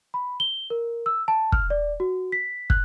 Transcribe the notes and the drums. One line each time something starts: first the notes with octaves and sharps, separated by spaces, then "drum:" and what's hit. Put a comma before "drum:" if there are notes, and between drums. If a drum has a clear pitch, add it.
B5
G7
A#4
E6
A5
F6, drum: kick
D5
F#4
B6
F#6, drum: kick